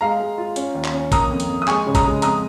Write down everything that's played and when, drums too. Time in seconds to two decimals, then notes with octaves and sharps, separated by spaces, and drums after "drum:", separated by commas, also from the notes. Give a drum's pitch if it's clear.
0.01 G#3 F5 A#5
0.20 G#3
0.38 F4
0.56 C#4, drum: hi-hat
0.75 D#2
0.84 drum: clap
0.93 C#4
1.12 A#3 A#5 D#6, drum: kick A1, hi-hat
1.31 F2
1.40 drum: hi-hat
1.49 F2
1.62 D#6
1.68 G#3 G#5 C#6, drum: clap
1.86 C#3
1.95 A#5 D#6, drum: kick A1, hi-hat
2.05 G#3
2.22 F2 A#5 D#6, drum: hi-hat